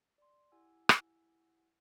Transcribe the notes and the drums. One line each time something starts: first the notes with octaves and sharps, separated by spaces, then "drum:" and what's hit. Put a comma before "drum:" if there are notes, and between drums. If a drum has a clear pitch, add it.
D5 C6
E4 G4 F#5 G#5 E6
drum: rim click